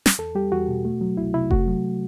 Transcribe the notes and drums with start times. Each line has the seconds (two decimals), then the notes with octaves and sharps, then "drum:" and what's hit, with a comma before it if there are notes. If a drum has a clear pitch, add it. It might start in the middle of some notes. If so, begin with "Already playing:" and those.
0.06 drum: snare
0.18 E2 A4
0.35 G3 G4
0.52 E2 F#4
0.68 B2
0.85 A3
1.01 F#3
1.17 C2 E4
1.34 C3 E4
1.51 A3 F#4, drum: kick F1
1.68 F#3